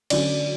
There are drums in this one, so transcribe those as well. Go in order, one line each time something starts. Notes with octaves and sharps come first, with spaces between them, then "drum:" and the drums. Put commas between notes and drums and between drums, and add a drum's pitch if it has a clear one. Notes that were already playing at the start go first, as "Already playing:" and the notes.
D3 F#3 C#4 D5, drum: cymbal